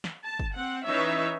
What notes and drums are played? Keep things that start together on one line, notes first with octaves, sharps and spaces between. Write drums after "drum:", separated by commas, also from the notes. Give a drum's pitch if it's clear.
drum: snare
A5
drum: kick
C4 F#5
E3 C#4 D#4 C#5 E5